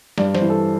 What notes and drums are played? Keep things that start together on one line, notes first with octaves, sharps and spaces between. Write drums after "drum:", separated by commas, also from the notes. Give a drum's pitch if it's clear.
G2 D5, drum: snare
C5, drum: snare
E3
A4